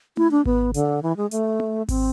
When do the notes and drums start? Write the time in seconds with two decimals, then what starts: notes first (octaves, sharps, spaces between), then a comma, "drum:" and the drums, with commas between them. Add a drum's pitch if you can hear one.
0.17 E4, drum: tom A3
0.31 D4
0.45 B3, drum: kick G#1
0.74 D3, drum: hi-hat
1.03 E3
1.17 G#3
1.31 A3, drum: hi-hat
1.60 drum: tom A3
1.89 C4, drum: kick G#1, open hi-hat